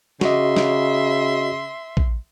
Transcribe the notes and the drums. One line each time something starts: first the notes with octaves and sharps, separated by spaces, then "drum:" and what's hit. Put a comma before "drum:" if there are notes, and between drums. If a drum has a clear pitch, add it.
C#3 F#4 D#5 E5 C6, drum: snare
drum: snare
drum: kick